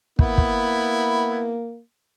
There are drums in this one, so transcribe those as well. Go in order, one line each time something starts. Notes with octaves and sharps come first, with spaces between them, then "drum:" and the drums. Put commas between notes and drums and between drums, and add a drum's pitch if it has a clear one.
A#3 B3 E4, drum: kick
drum: kick